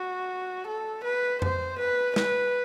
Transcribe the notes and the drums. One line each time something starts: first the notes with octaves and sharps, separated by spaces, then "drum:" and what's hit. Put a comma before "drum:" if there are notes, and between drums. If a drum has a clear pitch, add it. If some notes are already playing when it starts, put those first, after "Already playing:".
Already playing: F#4
A4
B4
C5, drum: tom F2
B4
B4, drum: snare